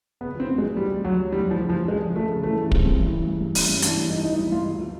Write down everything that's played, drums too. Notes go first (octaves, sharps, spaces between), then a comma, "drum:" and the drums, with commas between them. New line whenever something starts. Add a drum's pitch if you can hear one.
C#3 B3
F3 C4
D2
G#3
D2
D2 G3
D2
D2 F#3
D2
D2 G3
D2
F3
C#3
F3
D2
F3 G#3
C#3
F3 A3
C#3
E3 A3
G2
G#3 C4, drum: kick
G2
E3
G2
G2
G2
G2 C#4, drum: open hi-hat
G2
E3 D4, drum: hi-hat
G2
E3 D#4
E3 D#4
G2 E4
G2 F4
D2
F3